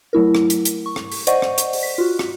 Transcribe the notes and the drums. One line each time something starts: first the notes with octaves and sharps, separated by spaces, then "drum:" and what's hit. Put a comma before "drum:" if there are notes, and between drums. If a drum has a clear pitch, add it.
F#3 A3 E4 A#4
drum: rim click
drum: hi-hat
drum: hi-hat
C#6
drum: rim click
drum: open hi-hat
C5 D5 D#5 F#5 C#6, drum: hi-hat
drum: rim click
drum: hi-hat
drum: open hi-hat
B6
F4 F#4
drum: rim click